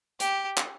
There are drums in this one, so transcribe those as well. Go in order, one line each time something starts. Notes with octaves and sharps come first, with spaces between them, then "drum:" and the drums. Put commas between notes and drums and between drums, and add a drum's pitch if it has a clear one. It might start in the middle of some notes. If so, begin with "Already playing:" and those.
G4, drum: hi-hat
drum: clap